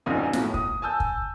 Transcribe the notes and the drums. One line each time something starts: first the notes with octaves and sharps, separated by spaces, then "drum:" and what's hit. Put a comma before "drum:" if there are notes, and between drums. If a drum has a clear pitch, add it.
E1 A#1 F#2 F3 D#4 G#5
B1 A2, drum: snare
D#6, drum: kick
G#5 A5 E6 G6
drum: kick